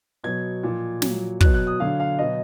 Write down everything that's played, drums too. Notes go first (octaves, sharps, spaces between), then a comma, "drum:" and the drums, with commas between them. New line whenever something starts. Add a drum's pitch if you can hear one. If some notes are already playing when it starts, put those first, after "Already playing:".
B2 F#3 G#6
A#2 F3
A#2 F#3, drum: snare
B2 F#3 F#6, drum: kick
F#6
D#6
D3 F#3 F5
F5
B2 F#3 D#5